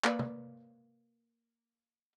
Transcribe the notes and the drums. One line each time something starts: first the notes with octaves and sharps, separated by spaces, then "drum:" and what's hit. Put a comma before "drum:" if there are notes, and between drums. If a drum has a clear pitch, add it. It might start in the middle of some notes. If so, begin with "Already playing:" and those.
A#3 B4 D5, drum: clap
drum: tom